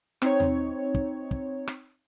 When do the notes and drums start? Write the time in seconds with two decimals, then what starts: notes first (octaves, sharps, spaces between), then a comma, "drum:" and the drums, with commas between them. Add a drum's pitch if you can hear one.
0.22 C4 D#4 C#5, drum: rim click
0.40 drum: tom D#2
0.95 drum: kick
1.31 drum: kick
1.67 drum: rim click